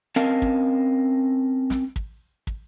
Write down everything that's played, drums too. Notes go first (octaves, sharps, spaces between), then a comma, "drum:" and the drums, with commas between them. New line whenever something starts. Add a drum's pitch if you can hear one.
C4 C#4 A#4 D#5 F5 A5
drum: kick
drum: snare
drum: kick
drum: kick